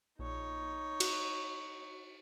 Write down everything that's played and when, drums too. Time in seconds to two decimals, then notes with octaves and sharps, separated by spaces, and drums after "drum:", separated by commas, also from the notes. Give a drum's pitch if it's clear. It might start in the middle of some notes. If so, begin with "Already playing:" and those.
0.19 A#1 D#4 C#5
1.00 F#4, drum: cymbal